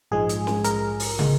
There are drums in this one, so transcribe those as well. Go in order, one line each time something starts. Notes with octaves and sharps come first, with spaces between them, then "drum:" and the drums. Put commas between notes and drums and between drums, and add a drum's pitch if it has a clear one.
A#1 G#2 F3 G#3 G#4
drum: hi-hat
drum: snare
A#4, drum: hi-hat
drum: open hi-hat
A#2 G#3, drum: tom